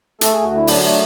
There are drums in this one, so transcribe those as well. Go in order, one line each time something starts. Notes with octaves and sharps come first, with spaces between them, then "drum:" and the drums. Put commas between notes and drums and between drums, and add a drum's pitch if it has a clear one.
A3 A4, drum: hi-hat
D2 G#4
F#4
D3 E4
F#3 D4, drum: open hi-hat
A3 D4